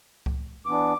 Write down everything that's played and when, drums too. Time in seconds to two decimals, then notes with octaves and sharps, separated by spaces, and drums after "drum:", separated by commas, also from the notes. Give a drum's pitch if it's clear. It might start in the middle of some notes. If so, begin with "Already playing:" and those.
0.26 drum: kick C#2
0.66 E3 B3 D4 D6